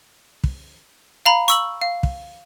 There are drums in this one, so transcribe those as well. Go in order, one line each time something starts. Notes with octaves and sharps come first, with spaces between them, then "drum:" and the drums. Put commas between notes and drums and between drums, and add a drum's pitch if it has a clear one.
drum: kick
F5 A#5 B5
C#6 E6 F#7, drum: hi-hat
F5
drum: kick